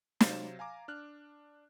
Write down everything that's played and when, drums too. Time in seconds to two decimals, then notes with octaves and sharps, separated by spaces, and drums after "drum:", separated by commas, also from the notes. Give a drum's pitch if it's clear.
0.21 C3 F#3 C5 F5 A6 E7, drum: snare
0.59 F5 G#5 A#5 D6
0.88 D4 F6 F#6